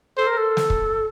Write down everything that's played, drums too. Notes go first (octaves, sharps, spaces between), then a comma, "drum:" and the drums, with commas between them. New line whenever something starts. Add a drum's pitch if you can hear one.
A4 C5
A#4
A4
drum: snare
drum: kick